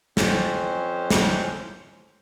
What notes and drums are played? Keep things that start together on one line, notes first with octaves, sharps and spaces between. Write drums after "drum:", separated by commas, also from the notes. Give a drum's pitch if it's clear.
F2 C#4 C5, drum: snare
drum: snare